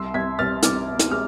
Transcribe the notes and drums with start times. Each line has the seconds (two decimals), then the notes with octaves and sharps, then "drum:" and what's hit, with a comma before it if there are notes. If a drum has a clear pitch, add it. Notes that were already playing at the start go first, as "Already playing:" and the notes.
Already playing: C2 C6 E6
0.14 C2 G#6 B6
0.39 C2 F6 A6
0.63 C2 D6 F6, drum: hi-hat
0.88 B2
0.99 drum: hi-hat
1.11 G#3 D6 F6